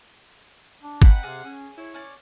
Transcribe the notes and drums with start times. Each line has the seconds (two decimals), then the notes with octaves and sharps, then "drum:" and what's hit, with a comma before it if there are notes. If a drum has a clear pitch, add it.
0.82 D4
1.02 C4 D#4 F#5 B5, drum: kick
1.23 C3 G#4 D5 F5
1.44 C#4 G#4
1.78 E4 C#5
1.94 C#4 D5